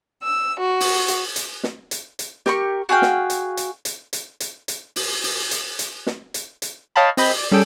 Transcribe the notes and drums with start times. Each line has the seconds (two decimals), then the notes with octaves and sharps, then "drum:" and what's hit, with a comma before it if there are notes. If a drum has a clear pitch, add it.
0.23 E6
0.59 F#4
0.80 drum: open hi-hat
1.08 drum: hi-hat
1.36 drum: hi-hat
1.63 drum: snare
1.91 drum: hi-hat
2.19 drum: hi-hat
2.46 G4 A#4 C#6, drum: snare
2.89 F#4 G#4 F5 G5
3.02 drum: snare
3.30 drum: hi-hat
3.57 drum: hi-hat
3.85 drum: hi-hat
4.13 drum: hi-hat
4.40 drum: hi-hat
4.68 drum: hi-hat
4.96 drum: open hi-hat
5.23 drum: open hi-hat
5.51 drum: hi-hat
5.79 drum: hi-hat
6.07 drum: snare
6.34 drum: hi-hat
6.62 drum: hi-hat
6.96 C#5 D#5 F5 G5 A5 B5
7.17 C4 D#5 B5 G6, drum: open hi-hat
7.38 D5
7.51 G3 C#4 G#4 A4 G5